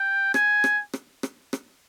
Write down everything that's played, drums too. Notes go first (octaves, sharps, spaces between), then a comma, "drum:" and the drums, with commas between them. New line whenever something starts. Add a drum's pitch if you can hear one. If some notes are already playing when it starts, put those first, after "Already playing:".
Already playing: G5
G#5, drum: rim click
drum: rim click
drum: rim click
drum: rim click
drum: rim click